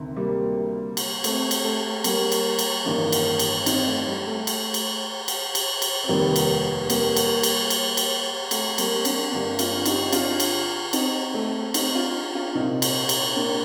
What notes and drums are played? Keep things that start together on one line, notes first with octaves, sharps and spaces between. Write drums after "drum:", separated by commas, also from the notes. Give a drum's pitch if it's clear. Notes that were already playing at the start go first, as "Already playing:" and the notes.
Already playing: D2 C3 D#3
G3 A#3
drum: cymbal
A3 C4, drum: cymbal
drum: cymbal
A3
G3 A#3, drum: cymbal
drum: cymbal
drum: cymbal
A1 G2 D#3 A#3 D4
drum: cymbal
drum: cymbal
C4 D#4, drum: cymbal
A3
G3
A3
drum: cymbal
drum: cymbal
drum: cymbal
drum: cymbal
drum: cymbal
C4
F1 D#2 D#3 G3 A#3
drum: cymbal
G3 A#3, drum: cymbal
drum: cymbal
drum: cymbal
drum: cymbal
drum: cymbal
A3, drum: cymbal
G3 A#3, drum: cymbal
C4
A#3 D4, drum: cymbal
G1 G2 D3 A#3 D4
D4 F4, drum: cymbal
D#4 G4, drum: cymbal
D4 F4, drum: cymbal
drum: cymbal
C4 D#4, drum: cymbal
A3 C4
C4 D#4, drum: cymbal
D4 F4
D4 F4
C2 A#2 C4 D#4
drum: cymbal
drum: cymbal
A#3 D4